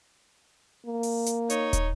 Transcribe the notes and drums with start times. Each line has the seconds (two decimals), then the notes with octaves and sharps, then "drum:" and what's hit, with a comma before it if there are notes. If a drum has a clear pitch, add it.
0.86 A#3
1.03 drum: open hi-hat
1.26 drum: hi-hat
1.50 D#4 C#5, drum: hi-hat
1.73 drum: kick, hi-hat